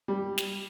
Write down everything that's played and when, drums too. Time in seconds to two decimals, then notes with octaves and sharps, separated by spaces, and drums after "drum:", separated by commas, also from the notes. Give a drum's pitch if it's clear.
0.08 G3
0.38 drum: snare